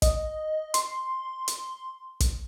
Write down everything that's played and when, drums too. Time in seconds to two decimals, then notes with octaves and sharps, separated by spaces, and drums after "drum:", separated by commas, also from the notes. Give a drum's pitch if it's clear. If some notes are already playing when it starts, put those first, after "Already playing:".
0.02 D#5, drum: kick, hi-hat
0.74 C6, drum: hi-hat
1.48 drum: hi-hat
2.20 drum: kick, hi-hat